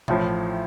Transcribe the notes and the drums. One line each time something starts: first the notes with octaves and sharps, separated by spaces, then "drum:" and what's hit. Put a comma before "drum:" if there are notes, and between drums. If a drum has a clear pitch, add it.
A1 A2 F3, drum: tom B2